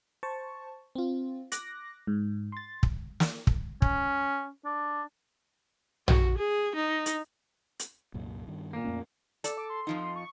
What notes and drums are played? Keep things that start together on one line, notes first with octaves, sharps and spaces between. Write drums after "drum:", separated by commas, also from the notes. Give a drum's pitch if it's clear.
C5 A5 C#6
C4 F4
D6 F#6 A#6, drum: hi-hat
G#2
C6 A6
drum: kick
drum: snare
drum: kick
C#4, drum: kick
D4
F#4, drum: tom A#1
G#4
D#4
drum: hi-hat
drum: hi-hat
C2 F#2 A#2
G2 D#3
A#2 A#3
F2 A3 C#4
A4 D5, drum: hi-hat
D6
C6
F2 F3 D#4
C#6